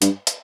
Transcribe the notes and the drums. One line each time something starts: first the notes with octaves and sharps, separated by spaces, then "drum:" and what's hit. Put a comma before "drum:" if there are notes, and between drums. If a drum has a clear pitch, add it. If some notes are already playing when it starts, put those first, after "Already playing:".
G2, drum: hi-hat
drum: hi-hat